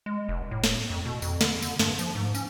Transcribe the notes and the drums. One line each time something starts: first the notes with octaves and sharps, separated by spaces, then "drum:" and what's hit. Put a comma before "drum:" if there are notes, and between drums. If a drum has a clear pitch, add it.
G#3
F1
A2
drum: snare
F2
B2
F2, drum: tambourine
D3, drum: snare
D3, drum: tambourine
G2, drum: snare
F3, drum: tambourine
G#2
C#4, drum: tambourine